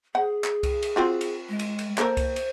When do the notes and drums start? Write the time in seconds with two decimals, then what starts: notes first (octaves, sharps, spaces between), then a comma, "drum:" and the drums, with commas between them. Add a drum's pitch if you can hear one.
0.15 G#4 C5 F#5
0.44 drum: clap
0.63 drum: kick C2, cymbal
0.83 drum: cymbal
0.96 C4 F4 F#4
1.21 drum: cymbal
1.49 G#3
1.59 drum: cymbal
1.79 drum: cymbal
1.98 A#3 A4 A#4 C5, drum: clap
2.17 drum: kick C2, cymbal
2.36 drum: cymbal